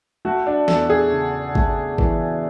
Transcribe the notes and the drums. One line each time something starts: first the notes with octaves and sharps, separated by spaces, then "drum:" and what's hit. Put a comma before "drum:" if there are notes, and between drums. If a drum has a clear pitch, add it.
A3 F#4
D4
E2 A4, drum: snare
G#4
C#3
A3, drum: kick G#1
E3, drum: kick G#1